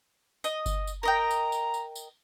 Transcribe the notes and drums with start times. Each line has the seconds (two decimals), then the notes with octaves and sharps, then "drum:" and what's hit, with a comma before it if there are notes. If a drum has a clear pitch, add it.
0.44 D#5, drum: tambourine
0.66 drum: kick G1, tambourine
0.87 drum: tambourine
1.03 A#4 D#5 G5 A#5
1.31 drum: tambourine
1.52 drum: tambourine
1.74 drum: tambourine
1.95 drum: tambourine